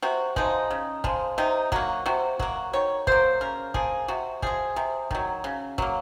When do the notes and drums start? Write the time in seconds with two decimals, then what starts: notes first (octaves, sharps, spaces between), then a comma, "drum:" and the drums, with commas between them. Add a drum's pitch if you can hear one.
0.02 C3 F#4
0.36 F3 G#3 D#4, drum: kick
0.71 C#3
1.04 F3 G#3, drum: kick
1.38 C3 D#4
1.72 F#3 A#3 F#4, drum: kick
2.06 C3 F#4
2.39 F#3 A#3 F#4, drum: kick
2.73 D#3 C#5
3.07 F#3 A#3 C5, drum: kick
3.41 C#3 A#4
3.74 F3 A#3 G#4, drum: kick
4.08 C3 F#4
4.42 F3 G#3 G#4, drum: kick
4.76 C3
5.11 D#3 F#3, drum: kick
5.44 C#3
5.78 F#3 A#3, drum: kick